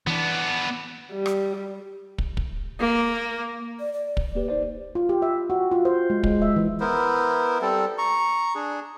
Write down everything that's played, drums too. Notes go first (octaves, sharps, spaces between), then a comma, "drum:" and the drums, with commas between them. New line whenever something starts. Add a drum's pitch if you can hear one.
E3 B3 D4
G3
drum: rim click
drum: kick
drum: kick
A#3
D5
D5
drum: kick
A#3 G4 B4
D#4 C5 D5
F4
G4
E5
F#4
F4
C5
G#3
G#3, drum: kick
E5
E3
B3 E4 A#4 C5
G3 C4 A4
A#5 C#6
D4 G#4